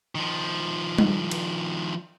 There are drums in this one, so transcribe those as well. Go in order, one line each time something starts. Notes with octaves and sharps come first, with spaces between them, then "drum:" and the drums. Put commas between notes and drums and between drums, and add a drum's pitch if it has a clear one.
D#3 F3
drum: tom G3
drum: cymbal